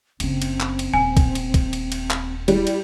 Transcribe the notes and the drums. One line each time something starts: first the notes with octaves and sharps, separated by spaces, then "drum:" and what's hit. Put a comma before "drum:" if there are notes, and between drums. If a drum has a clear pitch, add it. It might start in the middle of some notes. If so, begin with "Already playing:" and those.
F#1 C#3 C4, drum: cymbal
drum: cymbal
drum: clap
drum: cymbal
D#1 G#5
drum: kick A#1, cymbal
drum: cymbal
drum: kick A#1, cymbal
drum: cymbal
drum: cymbal
drum: clap
G3 E4, drum: cymbal
drum: cymbal